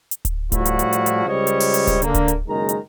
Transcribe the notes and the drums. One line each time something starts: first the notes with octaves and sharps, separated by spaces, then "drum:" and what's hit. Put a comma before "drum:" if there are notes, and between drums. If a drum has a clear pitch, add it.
drum: hi-hat
drum: kick D1, hi-hat
A2 F3 G3 E4 F#4, drum: kick D1, hi-hat
drum: hi-hat
drum: hi-hat
drum: hi-hat
drum: hi-hat
C#2 G3 C5 C#5 D#5
drum: hi-hat
drum: open hi-hat
drum: hi-hat
drum: kick D1, hi-hat
D3 A#3, drum: hi-hat
drum: kick D1, hi-hat
drum: hi-hat
F#1 D#3 G#3 A#5
drum: hi-hat